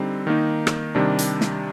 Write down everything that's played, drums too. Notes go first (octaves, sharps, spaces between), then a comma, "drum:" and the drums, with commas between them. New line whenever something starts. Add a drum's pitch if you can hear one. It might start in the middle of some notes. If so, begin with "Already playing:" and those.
Already playing: D3 G3 C4 D#4
D#3 A#3 D#4
drum: rim click
C3 D#3 G3 D4
drum: hi-hat
drum: snare